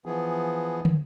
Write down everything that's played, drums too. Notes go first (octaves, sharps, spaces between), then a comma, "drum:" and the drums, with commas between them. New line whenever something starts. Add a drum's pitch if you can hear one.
E3 F3 B3 G#4
drum: tom